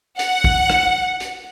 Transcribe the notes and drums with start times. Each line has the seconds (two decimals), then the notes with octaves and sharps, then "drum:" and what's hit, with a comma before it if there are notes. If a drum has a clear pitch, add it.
0.19 F#5, drum: hi-hat
0.44 drum: kick
0.70 drum: rim click
1.20 drum: hi-hat